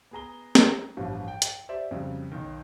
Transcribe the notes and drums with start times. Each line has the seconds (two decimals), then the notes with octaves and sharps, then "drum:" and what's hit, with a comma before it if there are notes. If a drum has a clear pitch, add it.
0.11 B3 G#4 A#5 G7
0.55 drum: snare
0.97 A1 G2 B2 F3
1.28 G5
1.42 drum: hi-hat
1.69 G4 C5 D5 E5
1.91 F2 C#3 F#3 G3
2.32 B1 D#3